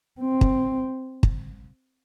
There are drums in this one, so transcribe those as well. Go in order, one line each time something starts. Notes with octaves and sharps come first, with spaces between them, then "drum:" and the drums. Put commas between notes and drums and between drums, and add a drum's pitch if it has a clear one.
C4
drum: kick
drum: kick